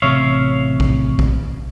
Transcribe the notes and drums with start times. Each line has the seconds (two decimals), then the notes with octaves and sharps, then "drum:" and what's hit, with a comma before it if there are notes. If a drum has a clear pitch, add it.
0.02 A1 C3 C#5 E5 F5
0.80 drum: kick
1.19 drum: kick